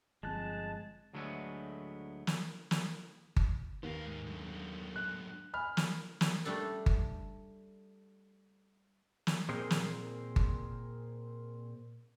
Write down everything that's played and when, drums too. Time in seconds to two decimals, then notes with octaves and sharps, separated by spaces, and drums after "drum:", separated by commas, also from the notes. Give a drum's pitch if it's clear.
0.23 G1 F3 G#3 C4 A5 F#6
1.13 D2 D3 F#3 G#3 A3 B3
2.27 drum: snare
2.71 drum: snare
3.36 drum: kick G1
3.83 D#2 B3 F5
4.06 G#2
4.27 F#2 D3
4.96 F#6
5.53 G#5 B5 F6
5.77 drum: snare
6.21 drum: snare
6.45 G3 A3 D4 A4
6.86 drum: kick G1
9.27 drum: snare
9.49 A#2 C4 G#4 A#4 C5
9.71 drum: snare
10.36 drum: kick G1